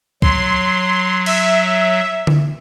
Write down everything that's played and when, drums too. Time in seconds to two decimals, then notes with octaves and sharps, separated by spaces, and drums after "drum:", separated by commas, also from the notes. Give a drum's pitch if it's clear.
0.22 F#3 C6, drum: kick
1.26 E5, drum: cymbal
2.27 drum: tom D3